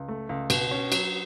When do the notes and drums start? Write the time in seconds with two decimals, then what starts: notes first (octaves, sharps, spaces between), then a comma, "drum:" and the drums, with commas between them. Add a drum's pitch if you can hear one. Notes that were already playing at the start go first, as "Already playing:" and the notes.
Already playing: C#2
0.08 A3
0.29 C#2
0.50 B2, drum: cymbal
0.71 C#4
0.92 F#3, drum: cymbal